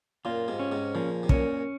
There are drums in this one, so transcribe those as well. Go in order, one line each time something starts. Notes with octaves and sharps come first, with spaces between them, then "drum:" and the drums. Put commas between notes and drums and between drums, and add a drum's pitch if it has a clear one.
F#2 A#2 F4
G#2 C3
C#4
G#2 C3
A#2 C#3 F3
C3
F#2 A#2 C#4, drum: kick